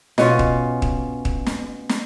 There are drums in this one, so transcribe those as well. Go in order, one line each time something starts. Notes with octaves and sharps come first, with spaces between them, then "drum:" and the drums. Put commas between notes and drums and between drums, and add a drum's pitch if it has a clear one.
B2 C#4 F4, drum: snare
drum: kick
drum: kick
drum: kick
drum: snare
drum: snare